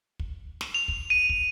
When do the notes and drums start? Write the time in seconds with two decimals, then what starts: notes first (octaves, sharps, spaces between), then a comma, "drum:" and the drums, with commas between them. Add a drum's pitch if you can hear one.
0.19 drum: kick
0.61 drum: snare
0.74 F7
0.88 drum: kick
1.10 D#7
1.29 drum: kick